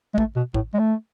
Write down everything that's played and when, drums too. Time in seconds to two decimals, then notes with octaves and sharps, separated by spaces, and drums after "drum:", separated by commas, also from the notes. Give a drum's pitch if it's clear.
0.14 G#3
0.18 A3, drum: kick
0.36 B2
0.54 A2, drum: kick
0.74 G#3
0.79 A3